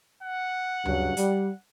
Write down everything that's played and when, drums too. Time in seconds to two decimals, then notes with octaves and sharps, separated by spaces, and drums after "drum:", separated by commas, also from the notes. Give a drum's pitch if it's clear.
0.23 F#5
0.85 G2 C#3 F#3, drum: tom D2
1.17 G3, drum: hi-hat